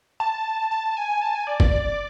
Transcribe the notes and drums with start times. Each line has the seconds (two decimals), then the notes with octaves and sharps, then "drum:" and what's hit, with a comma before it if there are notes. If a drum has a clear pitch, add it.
0.20 A5
0.71 A5
0.97 G#5
1.22 A5
1.35 G#5
1.47 D5
1.60 D5, drum: kick F#1
1.71 D5